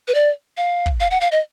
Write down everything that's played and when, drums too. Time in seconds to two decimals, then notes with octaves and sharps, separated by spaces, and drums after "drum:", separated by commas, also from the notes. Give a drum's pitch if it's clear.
0.08 B4
0.14 D5
0.57 F5
0.86 drum: kick
1.00 F5
1.11 F#5
1.21 F5
1.32 D#5